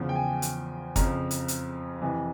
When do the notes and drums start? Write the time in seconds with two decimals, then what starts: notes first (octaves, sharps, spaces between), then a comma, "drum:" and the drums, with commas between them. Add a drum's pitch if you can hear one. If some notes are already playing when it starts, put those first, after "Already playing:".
Already playing: E2 C#3 F3
0.09 G5
0.15 G#5
0.42 drum: hi-hat
0.96 F2 C#3 F3 A#5, drum: kick, hi-hat
1.31 drum: hi-hat
1.48 drum: hi-hat
2.02 F2 C3 E3